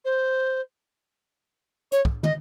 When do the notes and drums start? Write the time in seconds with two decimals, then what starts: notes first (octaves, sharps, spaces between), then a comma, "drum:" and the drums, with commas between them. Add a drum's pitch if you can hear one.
0.05 C5
1.92 C#5, drum: hi-hat
2.05 drum: kick
2.23 D#5, drum: tom